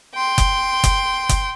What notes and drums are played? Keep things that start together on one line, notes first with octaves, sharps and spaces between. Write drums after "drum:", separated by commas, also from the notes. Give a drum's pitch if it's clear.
G5 C6
drum: kick F#1, hi-hat
drum: kick F#1, hi-hat
drum: kick F#1, hi-hat